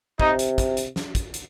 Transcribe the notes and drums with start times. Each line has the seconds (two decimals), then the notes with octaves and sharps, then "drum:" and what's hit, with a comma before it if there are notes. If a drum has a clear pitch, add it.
0.20 C3 D#4, drum: kick
0.39 drum: hi-hat
0.58 drum: kick, hi-hat
0.77 drum: hi-hat
0.96 drum: snare
1.15 drum: kick, hi-hat
1.34 drum: hi-hat